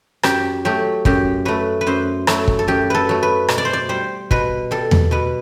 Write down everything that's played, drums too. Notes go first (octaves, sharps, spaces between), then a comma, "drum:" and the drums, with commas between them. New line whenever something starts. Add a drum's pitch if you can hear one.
F#2 G4, drum: rim click
F#3 A3 G4
F#2 G4, drum: kick
F#3 A3 B4
B4
F#2 C5
F#3 A3 E4, drum: rim click
drum: kick
A4
F#2 G4
A4 B4
F#3 A3
B4
B2, drum: rim click
D5
C5
D5
G3 C5
B2 B4, drum: kick
G3 A4
drum: tom E2
B2 B4